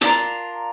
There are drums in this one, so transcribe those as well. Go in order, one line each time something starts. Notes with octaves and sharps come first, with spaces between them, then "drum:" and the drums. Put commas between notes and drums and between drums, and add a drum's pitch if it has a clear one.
D4 F4 A#4, drum: hi-hat